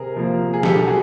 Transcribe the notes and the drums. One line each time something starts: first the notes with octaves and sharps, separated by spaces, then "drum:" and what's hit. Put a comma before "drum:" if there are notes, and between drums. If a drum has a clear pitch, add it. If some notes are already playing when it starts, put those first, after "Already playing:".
Already playing: C3 G#4 A#4
F3 A#3
G#4
B2 G4 A4, drum: snare
F#4 G#4